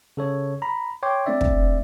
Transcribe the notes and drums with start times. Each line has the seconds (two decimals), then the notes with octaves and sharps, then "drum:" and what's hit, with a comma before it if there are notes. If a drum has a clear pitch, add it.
0.17 C#3 A4 C#5
0.62 A#5 B5
1.03 C#5 G5 C6 D6
1.26 A3 C4 D4 D5 E5
1.41 drum: kick